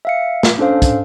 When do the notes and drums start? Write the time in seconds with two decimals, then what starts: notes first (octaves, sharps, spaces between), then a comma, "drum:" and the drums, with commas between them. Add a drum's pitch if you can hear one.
0.05 E5 F5 C#7
0.43 drum: snare
0.58 C#4 D4 A4 C5 F5
0.82 drum: kick, hi-hat